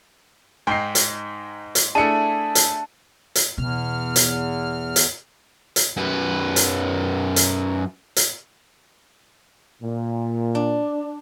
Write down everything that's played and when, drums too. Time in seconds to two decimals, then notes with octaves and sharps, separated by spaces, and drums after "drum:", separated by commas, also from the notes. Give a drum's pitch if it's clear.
0.67 G#2 D#4 G5 C7
0.95 drum: hi-hat
1.75 drum: hi-hat
1.95 A3 D4 E4 G#4 A5 C#7
2.55 drum: hi-hat
3.35 drum: hi-hat
3.58 E2 B2 F6
4.16 drum: hi-hat
4.96 drum: hi-hat
5.76 drum: hi-hat
5.97 F#2 B4
6.56 drum: hi-hat
7.36 drum: hi-hat
8.16 drum: hi-hat
9.81 A#2
10.55 D4